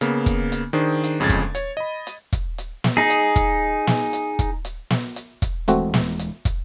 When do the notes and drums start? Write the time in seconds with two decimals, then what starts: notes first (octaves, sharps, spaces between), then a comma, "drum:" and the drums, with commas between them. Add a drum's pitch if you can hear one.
0.01 C#3 A#3 B3, drum: hi-hat
0.26 drum: kick, hi-hat
0.52 drum: hi-hat
0.73 D#3 D4 G#4 C5
1.04 drum: hi-hat
1.20 G1 F2 C#3 G#3 G#6 A6
1.29 drum: kick, hi-hat
1.55 C#5, drum: hi-hat
1.77 D#5 B5
2.07 drum: hi-hat
2.33 drum: kick, hi-hat
2.58 drum: hi-hat
2.84 drum: snare
2.97 D#4 G#4
3.10 drum: hi-hat
3.36 drum: kick, hi-hat
3.87 drum: snare
4.13 drum: hi-hat
4.39 drum: kick, hi-hat
4.65 drum: hi-hat
4.90 drum: snare
5.16 drum: hi-hat
5.42 drum: kick, hi-hat
5.68 D#1 E3 G#3 A3 C4 F#4, drum: hi-hat
5.94 drum: snare
6.19 drum: hi-hat
6.45 drum: kick, hi-hat